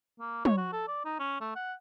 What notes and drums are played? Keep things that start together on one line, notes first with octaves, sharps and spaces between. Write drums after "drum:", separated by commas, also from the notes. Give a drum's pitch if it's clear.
A#3
C#5, drum: tom
F#4
A4
D5
D#4
C#4
A3
F#5